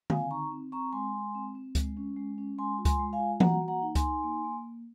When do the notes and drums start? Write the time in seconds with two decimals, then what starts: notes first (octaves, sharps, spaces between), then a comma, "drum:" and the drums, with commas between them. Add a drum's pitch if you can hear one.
0.10 C4 F5 G#5, drum: tom D3
0.30 D#4 A#5 C#6
0.51 C4
0.72 C4 A#5 C#6
0.92 G#3 G#5 C6
1.14 G#3
1.35 C4
1.55 C4
1.75 G#3, drum: kick C#2, hi-hat
1.97 C#4
2.16 G#3
2.38 C#4
2.58 G#3 G#5 C6
2.79 F4
2.85 G#5 C6, drum: kick C#2, hi-hat
2.99 G#3
3.13 F5 G#5
3.20 F4
3.40 F#4 F#5 A#5, drum: tom E3
3.62 A#3
3.68 F#5 A#5
3.82 D#4
3.95 G#5 C6, drum: kick C#2, hi-hat
4.03 D#4
4.24 A#3
4.44 A#3